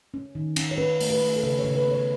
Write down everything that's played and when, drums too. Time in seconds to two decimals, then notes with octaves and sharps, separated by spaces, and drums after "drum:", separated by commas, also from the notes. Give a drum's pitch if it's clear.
0.14 C#4
0.35 D#3
0.56 C#4, drum: cymbal
0.71 C#5
0.78 C#4 B4
1.01 A3, drum: open hi-hat
1.10 B4
1.21 A3
1.36 A4
1.43 C#3 B4
1.59 C#5
1.64 C#3
1.75 B4
1.87 B3 C#5